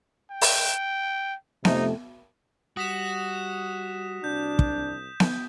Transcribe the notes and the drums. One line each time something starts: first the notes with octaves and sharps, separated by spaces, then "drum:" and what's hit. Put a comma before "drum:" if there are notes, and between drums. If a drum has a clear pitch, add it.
G5
drum: open hi-hat
F2 C3 A3 D#4, drum: snare B3
G3 F#4 D#6 B6 E7
C2 D4 G6
drum: kick
drum: snare B3